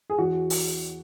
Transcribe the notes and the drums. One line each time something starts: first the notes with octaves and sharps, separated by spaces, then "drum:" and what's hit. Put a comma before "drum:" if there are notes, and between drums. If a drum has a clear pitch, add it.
G#4
E2 F#4
drum: open hi-hat